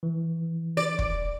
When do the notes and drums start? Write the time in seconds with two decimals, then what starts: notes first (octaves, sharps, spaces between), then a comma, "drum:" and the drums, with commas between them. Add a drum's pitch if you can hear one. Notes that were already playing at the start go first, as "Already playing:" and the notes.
0.03 E3
0.77 D5
0.99 drum: kick